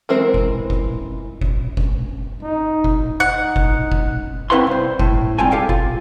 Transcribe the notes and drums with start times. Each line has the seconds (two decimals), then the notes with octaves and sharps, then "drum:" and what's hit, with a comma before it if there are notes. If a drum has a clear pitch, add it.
0.09 E3 G#3 C4 A#4
0.34 drum: kick F#1
0.70 drum: kick F#1
1.41 drum: kick F#1
1.77 drum: kick F#1
2.43 D#4
2.84 drum: kick F#1
3.20 D#4 F#5
3.56 drum: kick F#1
3.92 drum: kick F#1
4.50 C4 E4 B4 F5 F#5 C6
4.67 C2 C5
4.99 A2, drum: kick F#1
5.39 G3 C4 F4 G5 G#5
5.51 G4 A4 F5 G5
5.69 F4, drum: kick F#1